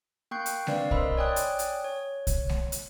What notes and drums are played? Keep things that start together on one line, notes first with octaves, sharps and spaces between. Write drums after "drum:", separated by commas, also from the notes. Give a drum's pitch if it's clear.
A#3 G5 C#6 F#6 G6 C7
drum: hi-hat
C4 D4 B4 D5 F5, drum: snare G#3
A#4 C5 D#5 B5 C6 E6, drum: kick
C#5 D5 G5 G#5 D#6 F#6
drum: hi-hat
drum: hi-hat
C#5
drum: kick, hi-hat
drum: snare G#3
drum: hi-hat